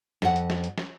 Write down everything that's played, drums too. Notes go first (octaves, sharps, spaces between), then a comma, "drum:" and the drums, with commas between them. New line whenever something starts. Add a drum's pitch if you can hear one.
F2 F#5, drum: snare
drum: hi-hat
drum: snare
drum: hi-hat
drum: snare